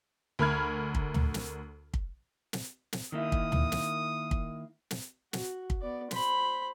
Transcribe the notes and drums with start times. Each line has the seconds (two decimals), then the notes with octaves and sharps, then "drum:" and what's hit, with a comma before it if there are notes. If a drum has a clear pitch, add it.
0.39 D2 A#4 B5 F6 G#6
0.95 drum: kick
1.14 drum: tom
1.34 drum: snare
1.94 drum: kick
2.53 drum: snare
2.93 drum: snare
3.12 D#3 A#3 E4 D#6
3.32 drum: kick
3.52 drum: tom
3.72 drum: snare
4.31 drum: kick
4.91 drum: snare
5.33 F#4, drum: snare
5.70 drum: kick
5.82 B3 D5
6.11 C5 B5, drum: snare